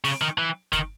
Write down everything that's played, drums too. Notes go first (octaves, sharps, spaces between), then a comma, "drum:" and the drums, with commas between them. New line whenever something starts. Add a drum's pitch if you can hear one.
C#3, drum: open hi-hat
D#3
E3
D#3, drum: kick, hi-hat